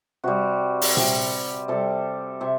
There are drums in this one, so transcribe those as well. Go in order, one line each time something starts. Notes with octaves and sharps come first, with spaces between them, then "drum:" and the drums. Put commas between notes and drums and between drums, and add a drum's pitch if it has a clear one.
C3 G3 F#4
drum: open hi-hat
C3 G3, drum: tom A#2
C3 G3 A4
C3 E5